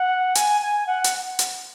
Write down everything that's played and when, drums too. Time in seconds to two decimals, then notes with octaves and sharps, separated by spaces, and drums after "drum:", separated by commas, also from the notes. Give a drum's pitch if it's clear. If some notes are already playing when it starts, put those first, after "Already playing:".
Already playing: F#5
0.35 G#5, drum: hi-hat
0.61 G#5
0.87 F#5
1.04 drum: hi-hat
1.39 drum: hi-hat